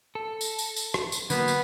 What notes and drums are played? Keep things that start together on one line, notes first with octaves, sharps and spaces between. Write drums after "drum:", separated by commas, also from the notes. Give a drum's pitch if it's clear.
A4
drum: tambourine
drum: tambourine
drum: tambourine
drum: rim click
drum: tambourine
D3 F#3 A#3 B3 B4, drum: tambourine
drum: tambourine